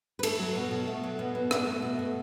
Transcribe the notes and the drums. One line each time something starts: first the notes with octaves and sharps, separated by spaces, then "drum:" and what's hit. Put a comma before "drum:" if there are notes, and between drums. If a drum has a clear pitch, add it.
B4
A3 A4, drum: cymbal
F#3
B2
B2
A3
F#3
B2
B2
B2, drum: rim click
A3
B2
A3